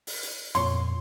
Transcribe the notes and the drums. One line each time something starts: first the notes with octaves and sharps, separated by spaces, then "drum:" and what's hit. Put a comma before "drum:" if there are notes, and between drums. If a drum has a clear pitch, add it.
drum: open hi-hat
drum: hi-hat
F2 A#2 C#5 C6, drum: hi-hat